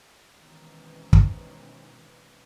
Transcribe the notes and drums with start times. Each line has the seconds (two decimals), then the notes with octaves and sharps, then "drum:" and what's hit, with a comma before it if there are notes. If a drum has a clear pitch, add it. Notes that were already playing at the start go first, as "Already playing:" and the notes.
0.35 B2 D#3 E3 G#3 C4 C#4
1.13 drum: kick